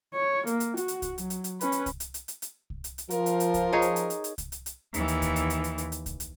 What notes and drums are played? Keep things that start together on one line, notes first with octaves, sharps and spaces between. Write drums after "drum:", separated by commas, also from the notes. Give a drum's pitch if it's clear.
C#5
A#3, drum: hi-hat
drum: hi-hat
F#4, drum: hi-hat
drum: hi-hat
drum: kick C2, hi-hat
F#3, drum: hi-hat
drum: hi-hat
drum: hi-hat
C#4 B4, drum: hi-hat
drum: hi-hat
drum: kick C2, hi-hat
drum: hi-hat
drum: hi-hat
drum: hi-hat
drum: hi-hat
drum: kick C2
drum: hi-hat
drum: hi-hat
F3 F4 A#4, drum: hi-hat
drum: hi-hat
drum: hi-hat
drum: kick C2, hi-hat
D#4 G#4 C#5
drum: hi-hat
drum: hi-hat
drum: hi-hat
drum: hi-hat
drum: kick C2, hi-hat
drum: hi-hat
drum: hi-hat
D#2 E3, drum: hi-hat
drum: hi-hat
drum: kick C2, hi-hat
drum: hi-hat
drum: hi-hat
drum: hi-hat
drum: hi-hat
drum: hi-hat
drum: kick C2, hi-hat
drum: hi-hat